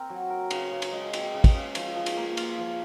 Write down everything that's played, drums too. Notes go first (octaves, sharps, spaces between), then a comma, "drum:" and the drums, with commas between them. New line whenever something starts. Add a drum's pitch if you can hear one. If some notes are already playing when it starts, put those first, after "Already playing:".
Already playing: C4 A#4
F#3
A#4
C#3, drum: cymbal
C#3
drum: cymbal
G#3
C4, drum: cymbal
C#3
drum: kick, cymbal
C#3
F3, drum: cymbal
F3
drum: cymbal
A#3
F4, drum: cymbal
F3